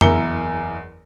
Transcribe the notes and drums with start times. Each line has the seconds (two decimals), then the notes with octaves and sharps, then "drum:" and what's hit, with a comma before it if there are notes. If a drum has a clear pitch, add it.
0.01 F#1 E2 E4 A#4 C#7 G7, drum: tom F2